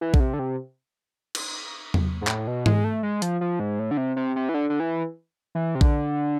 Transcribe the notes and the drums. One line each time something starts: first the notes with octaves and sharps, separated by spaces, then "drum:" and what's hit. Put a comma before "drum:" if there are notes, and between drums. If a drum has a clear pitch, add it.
E3
D3, drum: kick A#1
C3
D3
C3
drum: cymbal
drum: tom E2
G#2
A2, drum: clap
B2
G#3, drum: tom G#2
A3
G#3
F3, drum: hi-hat
F3
G#2
A2
D3
C3
C3
C3
E3
D3
D3
E3
E3
C3
D3, drum: kick A#1